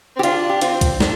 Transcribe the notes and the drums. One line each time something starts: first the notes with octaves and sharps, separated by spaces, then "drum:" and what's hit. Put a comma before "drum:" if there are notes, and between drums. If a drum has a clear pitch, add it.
C4
G4
D4 F4, drum: hi-hat
G4
C4 F4, drum: hi-hat
drum: kick C2, hi-hat
D4, drum: snare